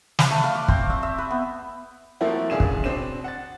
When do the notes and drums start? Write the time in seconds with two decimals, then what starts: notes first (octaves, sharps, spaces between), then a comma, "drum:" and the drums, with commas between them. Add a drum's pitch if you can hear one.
0.19 B4, drum: snare
0.30 A3
0.44 F5
0.55 D6
0.68 C4, drum: kick
0.90 E5
1.03 E5
1.18 B4
1.31 B3
2.21 F3 A3 A#3 C4 E4 F#4
2.50 C#2 D4 G#4 E7
2.60 drum: kick
2.84 B2 C4 D4 E7
3.24 F#5 A6